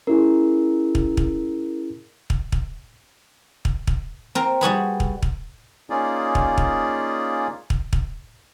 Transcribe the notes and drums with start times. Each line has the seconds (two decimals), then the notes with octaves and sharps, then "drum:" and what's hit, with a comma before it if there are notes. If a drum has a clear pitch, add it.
0.07 C#4 E4 G#4 A#4
0.95 drum: kick
1.17 drum: kick
2.30 drum: kick
2.52 drum: kick
3.65 drum: kick
3.87 drum: kick
4.35 C4 A#4
4.61 G3 F#4 G#4 B4
5.00 drum: kick
5.22 drum: kick
5.90 A#3 C#4 D#4 F4 G#4 D5
6.35 drum: kick
6.58 drum: kick
7.70 drum: kick
7.93 drum: kick